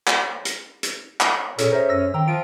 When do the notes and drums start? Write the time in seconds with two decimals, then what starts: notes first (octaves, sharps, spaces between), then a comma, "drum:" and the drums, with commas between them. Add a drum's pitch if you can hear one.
0.07 drum: clap
0.45 drum: hi-hat
0.83 drum: hi-hat
1.21 drum: clap
1.58 A#2 C#4 G#4 A4, drum: hi-hat
1.72 A#4 C5 E5
1.89 F#2 E6 A#6
2.14 D#3 G5 A#5 E6
2.28 F3 D7